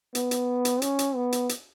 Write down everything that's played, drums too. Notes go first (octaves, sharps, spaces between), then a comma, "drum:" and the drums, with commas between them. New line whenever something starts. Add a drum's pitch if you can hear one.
B3, drum: hi-hat
drum: hi-hat
drum: hi-hat
C#4, drum: hi-hat
drum: hi-hat
B3
drum: hi-hat
drum: hi-hat